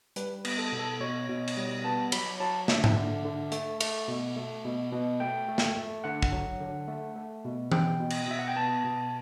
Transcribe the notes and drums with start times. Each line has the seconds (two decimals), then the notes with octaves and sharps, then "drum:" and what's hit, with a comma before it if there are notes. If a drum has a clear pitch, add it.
0.16 G3 B4, drum: hi-hat
0.45 B3, drum: cymbal
0.58 A4
0.72 B2
0.79 A4
1.01 B2 C#5
1.29 B2
1.48 drum: cymbal
1.57 G3
1.85 B3 A5
2.12 F#3 B5, drum: cymbal
2.40 F#3 A5
2.68 D3 E5, drum: snare
2.84 drum: tom G#2
2.96 D3
3.25 D3
3.52 A3, drum: hi-hat
3.80 A3, drum: cymbal
4.08 B2
4.36 A3
4.65 B2
4.92 B2
5.20 A3 G5
5.48 A3
5.58 drum: snare
5.76 A3
6.04 D3 F#5
6.23 drum: kick
6.32 F#3
6.61 D3
6.88 A3
7.16 A3
7.45 B2
7.72 B2 G5, drum: tom E3
8.00 B2
8.10 drum: cymbal
8.27 B2 E5
8.39 F#5
8.48 G5
8.56 B3 A5
8.84 B2